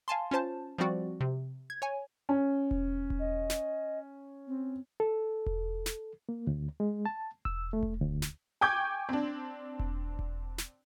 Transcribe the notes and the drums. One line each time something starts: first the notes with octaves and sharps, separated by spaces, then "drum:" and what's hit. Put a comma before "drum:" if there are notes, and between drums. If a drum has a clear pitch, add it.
F5 G#5 A5 C6
C#4 F4 C5 A5
F3 G3 C4 F#4 D5
C3
G#6
C#5 G#5
C#4
drum: kick E1
drum: kick E1
D#5
drum: snare
C4
A4
drum: kick E1
drum: snare
A#3
D2
G#3
A5
E6, drum: kick E1
A3
drum: kick E1
D2
drum: snare
G5 G#5 C#6 D6 G6 G#6
C4 D4
drum: kick E1
drum: kick E1
drum: snare